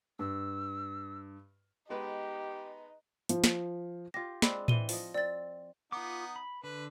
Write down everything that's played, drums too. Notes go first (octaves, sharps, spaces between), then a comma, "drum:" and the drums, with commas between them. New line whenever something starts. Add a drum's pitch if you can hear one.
G2 E6
G#3 B3 D#4 G4 B4
F3, drum: hi-hat
drum: snare
F4 G4 A#6
G#3 C4 D4 B5, drum: snare
E3 G5 D#7 G7, drum: tom A2
F3 D#5, drum: open hi-hat
C4 D5 A6
B3 D#4 F4 D6
B5
D3 B4